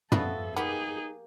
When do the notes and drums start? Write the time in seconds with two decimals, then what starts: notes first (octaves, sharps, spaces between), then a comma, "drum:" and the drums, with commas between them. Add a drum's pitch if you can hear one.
0.12 F3 B3 F#4 A4 B4 E5, drum: tom
0.57 A#3 B3 D#4 G4 G#4 B5